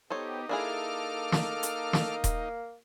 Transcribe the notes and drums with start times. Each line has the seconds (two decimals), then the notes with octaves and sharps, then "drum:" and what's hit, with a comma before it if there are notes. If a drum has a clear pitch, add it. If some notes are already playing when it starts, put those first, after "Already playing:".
0.10 B3 D#4 G4 A4 C5 C#5
0.49 A#3 D4 E4 G#4 A4 D6 F6
1.32 drum: snare
1.63 drum: hi-hat
1.93 drum: snare
2.24 drum: kick D#1, hi-hat